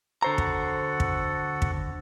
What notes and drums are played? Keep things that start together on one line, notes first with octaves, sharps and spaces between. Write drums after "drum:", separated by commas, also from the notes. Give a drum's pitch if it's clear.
D3 F#4 A4 C5 F#5 A#5
drum: kick
drum: kick
drum: kick